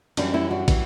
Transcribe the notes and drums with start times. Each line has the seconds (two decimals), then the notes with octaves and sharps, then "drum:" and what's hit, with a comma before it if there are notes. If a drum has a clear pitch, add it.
0.17 F#2 E3 G3 D4 F#4, drum: cymbal
0.34 C#4 E4
0.51 D4 F#4
0.68 E3 G3, drum: kick, cymbal